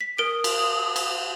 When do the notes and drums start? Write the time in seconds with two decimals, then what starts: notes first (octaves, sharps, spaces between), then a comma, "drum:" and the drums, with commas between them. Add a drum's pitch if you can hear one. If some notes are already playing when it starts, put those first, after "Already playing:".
0.01 B6
0.18 A#4 D#6 D7
0.44 drum: cymbal
0.96 drum: cymbal